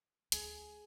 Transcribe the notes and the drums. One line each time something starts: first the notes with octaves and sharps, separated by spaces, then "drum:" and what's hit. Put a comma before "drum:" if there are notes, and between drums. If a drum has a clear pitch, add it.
D2 G#4, drum: hi-hat